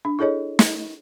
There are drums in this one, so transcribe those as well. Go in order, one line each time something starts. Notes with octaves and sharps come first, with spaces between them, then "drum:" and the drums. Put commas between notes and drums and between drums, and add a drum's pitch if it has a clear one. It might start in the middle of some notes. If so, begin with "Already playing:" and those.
D4
E4 G#4 A4 C#5 D#5
drum: snare